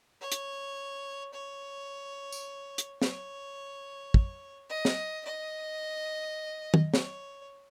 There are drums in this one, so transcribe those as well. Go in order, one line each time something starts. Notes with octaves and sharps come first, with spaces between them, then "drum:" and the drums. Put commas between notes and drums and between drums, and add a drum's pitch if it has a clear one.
C#5
drum: hi-hat
C#5
drum: tambourine
drum: hi-hat
C#5, drum: snare
drum: kick
D#5
drum: snare
D#5
drum: tom
C#5, drum: snare